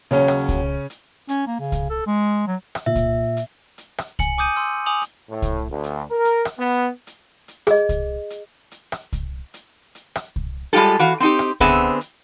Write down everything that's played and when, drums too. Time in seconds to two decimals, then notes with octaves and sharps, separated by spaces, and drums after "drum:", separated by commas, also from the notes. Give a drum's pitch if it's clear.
0.11 D#2 C#3 F#3 C#4
0.28 drum: rim click
0.49 drum: kick C2, hi-hat
0.90 drum: hi-hat
1.29 C#4, drum: hi-hat
1.47 A#3
1.60 C#3
1.72 drum: kick C2, hi-hat
1.90 A4
2.06 G#3
2.47 F#3
2.75 drum: rim click
2.86 A#2 E5
2.96 drum: kick C2, hi-hat
3.37 drum: hi-hat
3.78 drum: hi-hat
3.98 drum: rim click
4.19 G#5 C#7 F#7, drum: kick C2, hi-hat
4.38 G#5 D6 D#6 G6 D#7
4.56 C6 E6
4.86 G#5 D6 D#6 F7 F#7
5.01 drum: hi-hat
5.30 A2
5.42 drum: kick C2, hi-hat
5.70 D2
5.84 drum: hi-hat
6.11 A#4
6.25 drum: hi-hat
6.45 drum: rim click
6.59 B3
7.07 drum: hi-hat
7.48 drum: hi-hat
7.67 G#4 D#5, drum: rim click
7.89 drum: kick C2, hi-hat
8.30 drum: hi-hat
8.71 drum: hi-hat
8.92 drum: rim click
9.13 drum: kick C2, hi-hat
9.54 drum: hi-hat
9.95 drum: hi-hat
10.15 drum: rim click
10.36 drum: kick C2
10.73 G3 G#3 F4 G4 A4
10.99 E3 F#4 F5
11.20 C4 D#4 G4, drum: hi-hat
11.39 drum: rim click
11.60 D3 B3 C4 G#4 E5, drum: kick C2, hi-hat
12.01 drum: hi-hat